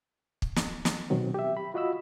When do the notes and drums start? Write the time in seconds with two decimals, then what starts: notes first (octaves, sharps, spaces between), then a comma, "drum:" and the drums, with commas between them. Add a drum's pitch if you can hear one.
0.42 drum: kick
0.56 drum: snare
0.85 drum: snare
1.10 B2 D#3 F#3 C4
1.34 G4 E5
1.57 B5
1.74 F4 F#4 D#5 B5 E6